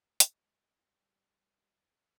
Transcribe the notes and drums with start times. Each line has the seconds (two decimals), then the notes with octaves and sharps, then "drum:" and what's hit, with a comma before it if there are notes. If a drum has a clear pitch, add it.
0.20 G#3, drum: hi-hat
0.84 G3